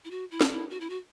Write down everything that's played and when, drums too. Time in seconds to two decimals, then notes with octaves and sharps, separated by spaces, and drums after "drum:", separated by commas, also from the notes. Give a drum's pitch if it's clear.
0.05 E4
0.11 F#4
0.31 E4
0.41 drum: snare
0.51 E4
0.70 F#4
0.81 E4
0.90 F#4